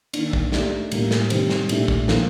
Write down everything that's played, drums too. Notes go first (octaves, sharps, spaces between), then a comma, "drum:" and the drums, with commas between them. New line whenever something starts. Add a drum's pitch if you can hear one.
D#3 A#3 D4, drum: cymbal
drum: kick B1
A3 D#4 G4 D5, drum: snare
A2 G3 A#3, drum: cymbal
drum: snare
C3 D#3 G3 C4, drum: cymbal
drum: snare
A#2 A3 D4 G4, drum: cymbal
drum: kick B1
F3 A#3 F4 A4, drum: snare